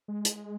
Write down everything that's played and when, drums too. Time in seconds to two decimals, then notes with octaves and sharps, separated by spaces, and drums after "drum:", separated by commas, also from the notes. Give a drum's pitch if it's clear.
0.08 G#3
0.25 drum: hi-hat